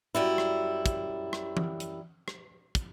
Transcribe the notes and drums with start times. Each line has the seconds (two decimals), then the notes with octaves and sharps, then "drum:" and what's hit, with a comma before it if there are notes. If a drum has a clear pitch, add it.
0.15 F#2 G3 E4
0.38 drum: rim click
0.86 drum: kick, hi-hat
1.33 drum: rim click
1.57 drum: tom E3
1.80 drum: hi-hat
2.28 drum: rim click
2.75 drum: kick, hi-hat